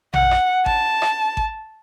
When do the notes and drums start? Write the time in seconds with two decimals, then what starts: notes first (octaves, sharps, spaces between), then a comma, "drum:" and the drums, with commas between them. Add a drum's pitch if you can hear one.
0.14 F#5, drum: tom A#1
0.31 drum: rim click
0.66 A5, drum: kick G#1
1.02 drum: rim click
1.37 drum: kick G#1